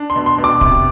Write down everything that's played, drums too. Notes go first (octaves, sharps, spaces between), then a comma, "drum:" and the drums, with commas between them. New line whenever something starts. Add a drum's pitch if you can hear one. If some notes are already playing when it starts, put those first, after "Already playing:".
Already playing: D4
C6
B2
C6
B2
D6
C3, drum: kick